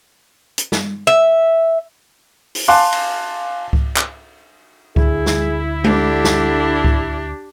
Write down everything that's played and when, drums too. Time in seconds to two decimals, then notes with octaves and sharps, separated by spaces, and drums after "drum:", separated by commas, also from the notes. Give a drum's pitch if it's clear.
0.58 drum: hi-hat
0.72 drum: snare
1.07 E5
2.55 drum: open hi-hat
2.68 F5 G#5 A5 C6 D6 F#6
2.92 drum: cymbal
3.73 drum: kick C#2
3.97 drum: clap
4.96 D2 E4 G#4, drum: kick C#2
5.26 drum: snare
5.84 D3 D4 G4, drum: tom G#3
6.25 drum: snare
6.84 drum: kick C#2